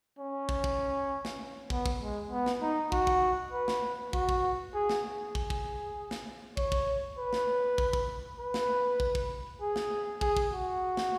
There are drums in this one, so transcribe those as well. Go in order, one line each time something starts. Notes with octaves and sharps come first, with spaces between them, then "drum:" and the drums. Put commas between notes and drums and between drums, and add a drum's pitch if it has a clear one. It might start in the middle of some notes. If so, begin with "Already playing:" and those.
C#4
drum: kick
drum: kick
drum: snare
B3, drum: kick
drum: kick
G#3
B3
drum: snare
D#4
F#4, drum: kick
drum: kick
B4
drum: snare
F#4, drum: kick
drum: kick
G#4
drum: snare
G#4
drum: kick
drum: kick
drum: snare
C#5, drum: kick
drum: kick
B4
drum: snare
drum: kick
drum: kick
B4
drum: snare
drum: kick
drum: kick
G#4
drum: snare
G#4, drum: kick
drum: kick
F#4
drum: snare